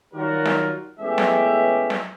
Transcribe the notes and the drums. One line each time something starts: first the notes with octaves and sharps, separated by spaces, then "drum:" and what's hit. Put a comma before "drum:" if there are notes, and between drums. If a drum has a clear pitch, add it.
D#3 F#3 G3 F4 F#4 A#4
drum: snare
A1 G#3 B3 C#4 G4 E5
drum: snare
drum: snare